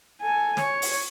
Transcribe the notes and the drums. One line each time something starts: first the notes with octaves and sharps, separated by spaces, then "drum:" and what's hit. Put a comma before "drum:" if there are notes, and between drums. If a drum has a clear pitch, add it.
A4 G#5
C#5, drum: snare
drum: open hi-hat